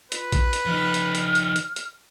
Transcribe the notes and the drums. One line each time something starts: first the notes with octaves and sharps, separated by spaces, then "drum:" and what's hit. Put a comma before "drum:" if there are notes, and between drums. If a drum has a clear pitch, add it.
F4 B4, drum: hi-hat
drum: kick A#1, hi-hat
drum: hi-hat
F3 D#4 F6
drum: hi-hat
drum: hi-hat
drum: hi-hat
drum: hi-hat
drum: hi-hat